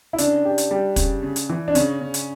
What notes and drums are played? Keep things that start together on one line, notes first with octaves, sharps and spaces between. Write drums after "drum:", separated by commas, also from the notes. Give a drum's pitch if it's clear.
E4
C#3 D4, drum: hi-hat
G4
drum: hi-hat
G3
C#3, drum: kick, hi-hat
C#3
drum: hi-hat
E3
D4
C#3 C#4, drum: hi-hat
C#3
drum: hi-hat